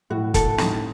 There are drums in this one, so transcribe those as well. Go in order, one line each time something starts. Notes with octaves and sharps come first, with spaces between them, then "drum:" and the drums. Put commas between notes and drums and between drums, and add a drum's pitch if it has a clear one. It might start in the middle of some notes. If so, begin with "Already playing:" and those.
A2 F#4
A4, drum: kick, hi-hat
A2 D#4, drum: snare